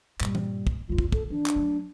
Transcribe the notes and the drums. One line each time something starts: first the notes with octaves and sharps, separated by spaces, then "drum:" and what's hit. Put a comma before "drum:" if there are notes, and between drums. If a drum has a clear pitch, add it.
G2 A#2 G3, drum: clap
drum: tom E3
drum: kick
F#1 D2 F4
drum: kick
A4, drum: kick
E3 D4
drum: clap
F#3 A3